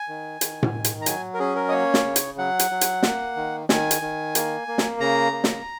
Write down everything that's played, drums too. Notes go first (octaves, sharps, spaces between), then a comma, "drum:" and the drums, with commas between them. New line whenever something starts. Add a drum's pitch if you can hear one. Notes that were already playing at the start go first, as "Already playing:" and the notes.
Already playing: G#5
D#3
D#3, drum: hi-hat
drum: tom A2
D#3
drum: hi-hat
A#5
F#3 G#5, drum: hi-hat
A#4
C#4 G#4
A#4
D#5
A#3 C#5
drum: snare
C#3
drum: hi-hat
F#3 F#5
drum: hi-hat
F#3
drum: hi-hat
A#3, drum: snare
D#3
D#3 G#5, drum: snare
drum: hi-hat
D#3
A#3, drum: hi-hat
A#3
drum: snare
C#3 A#5
A#3
drum: snare